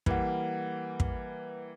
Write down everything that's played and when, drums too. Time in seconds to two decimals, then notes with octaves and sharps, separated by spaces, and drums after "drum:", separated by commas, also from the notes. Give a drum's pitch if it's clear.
0.06 E3 G3 A#3 B4 F#5, drum: kick
1.00 drum: kick